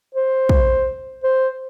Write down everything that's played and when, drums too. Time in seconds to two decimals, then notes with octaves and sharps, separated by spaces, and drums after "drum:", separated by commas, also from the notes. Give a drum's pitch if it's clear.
0.15 C5
0.49 drum: kick
1.23 C5